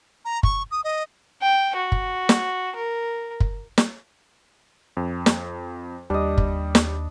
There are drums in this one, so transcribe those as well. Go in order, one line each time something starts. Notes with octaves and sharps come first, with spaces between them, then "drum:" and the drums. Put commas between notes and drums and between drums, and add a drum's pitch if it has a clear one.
A#5
C#6, drum: kick
D#6
D#5
G5
F#4
drum: kick
drum: snare
A#4
drum: kick
drum: snare
F2
drum: snare
D#2 G3 D4 D#5
drum: kick
drum: snare